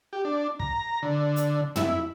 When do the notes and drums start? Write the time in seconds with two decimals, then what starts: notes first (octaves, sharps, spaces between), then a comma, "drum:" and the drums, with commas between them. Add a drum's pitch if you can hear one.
0.13 G4
0.25 D4
0.60 A#5, drum: kick
1.02 D3
1.36 drum: hi-hat
1.76 E4, drum: tom